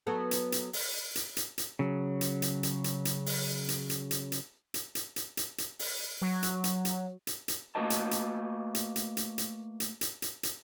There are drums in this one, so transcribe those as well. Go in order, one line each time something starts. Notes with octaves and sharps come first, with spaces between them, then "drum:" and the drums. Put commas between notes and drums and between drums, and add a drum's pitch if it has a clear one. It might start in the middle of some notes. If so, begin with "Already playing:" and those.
F#3 B3 A4
drum: hi-hat
drum: hi-hat
drum: open hi-hat
drum: hi-hat
drum: hi-hat
drum: hi-hat
C#3 F#3
drum: hi-hat
drum: hi-hat
drum: hi-hat
drum: hi-hat
drum: hi-hat
drum: open hi-hat
drum: hi-hat
drum: hi-hat
drum: hi-hat
drum: hi-hat
drum: hi-hat
drum: hi-hat
drum: hi-hat
drum: hi-hat
drum: hi-hat
drum: open hi-hat
F#3
drum: hi-hat
drum: hi-hat
drum: hi-hat
drum: hi-hat
drum: hi-hat
A3 A#3 F#4 B4 D#5 A5
drum: hi-hat
drum: hi-hat
drum: hi-hat
drum: hi-hat
drum: hi-hat
drum: hi-hat
drum: hi-hat
drum: hi-hat
drum: hi-hat
drum: hi-hat